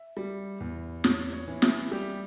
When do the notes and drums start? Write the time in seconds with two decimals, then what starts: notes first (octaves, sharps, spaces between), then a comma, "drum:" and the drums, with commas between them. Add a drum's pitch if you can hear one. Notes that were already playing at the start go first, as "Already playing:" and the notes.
Already playing: E5
0.17 G3
0.60 E2
1.04 E2 C#5, drum: snare
1.33 C#5
1.48 E3
1.62 E5, drum: snare
1.91 G3 G4